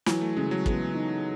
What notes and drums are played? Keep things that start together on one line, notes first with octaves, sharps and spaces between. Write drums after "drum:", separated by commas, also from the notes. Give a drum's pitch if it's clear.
E3 F#3, drum: snare
A3
C#3 G#3
F#3
B3, drum: kick
D#4